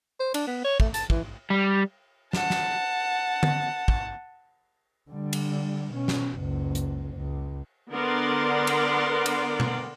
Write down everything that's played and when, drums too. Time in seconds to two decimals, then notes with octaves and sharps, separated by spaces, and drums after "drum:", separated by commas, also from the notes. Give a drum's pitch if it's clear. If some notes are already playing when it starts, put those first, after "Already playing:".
0.20 C5
0.34 D4, drum: cymbal
0.47 B3
0.65 C#5
0.80 A3, drum: kick
0.94 A5, drum: hi-hat
1.10 E3, drum: kick
1.50 G3
2.33 F#5 A5, drum: snare
2.50 drum: snare
3.43 drum: tom
3.88 drum: kick
5.10 D3 G3
5.33 drum: cymbal
5.93 B2 C#4
6.08 drum: snare
6.37 F#1 C#2
6.75 drum: hi-hat
7.15 C#2
7.91 D3 B3 A#4 D5 F#5 C6
8.67 drum: cymbal
9.26 drum: cymbal
9.60 drum: tom B2